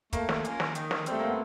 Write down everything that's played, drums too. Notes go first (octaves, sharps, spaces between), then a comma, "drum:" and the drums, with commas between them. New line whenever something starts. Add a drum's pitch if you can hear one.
A3 A#3, drum: kick, hi-hat
drum: snare
C#4 F4 A#4, drum: hi-hat
drum: snare
D#3, drum: hi-hat
drum: snare
G3 A3 C4, drum: hi-hat
A#3
B3